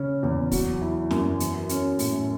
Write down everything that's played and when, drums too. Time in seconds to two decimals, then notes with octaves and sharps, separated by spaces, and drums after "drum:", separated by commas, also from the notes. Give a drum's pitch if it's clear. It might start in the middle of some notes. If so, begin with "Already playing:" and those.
Already playing: C#3 C#4
0.23 E2
0.52 F#3, drum: kick, open hi-hat
0.82 E4
1.11 F#2, drum: snare
1.40 E3, drum: hi-hat
1.69 C#4, drum: hi-hat
1.99 A2, drum: open hi-hat